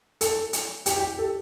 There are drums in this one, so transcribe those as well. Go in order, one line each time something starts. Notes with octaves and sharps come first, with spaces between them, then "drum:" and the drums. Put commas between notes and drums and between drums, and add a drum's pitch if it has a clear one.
A4, drum: hi-hat
drum: hi-hat
G4, drum: hi-hat
G4
A4